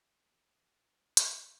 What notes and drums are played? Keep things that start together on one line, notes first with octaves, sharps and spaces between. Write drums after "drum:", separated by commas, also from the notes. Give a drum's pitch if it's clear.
D#2 B2 G4 F#5 A5 D#6
drum: hi-hat